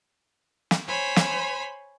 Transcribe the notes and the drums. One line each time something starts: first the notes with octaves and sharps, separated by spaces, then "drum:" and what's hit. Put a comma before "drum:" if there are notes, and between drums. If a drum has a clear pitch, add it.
drum: snare
C5 C#5 G#5 B5
drum: snare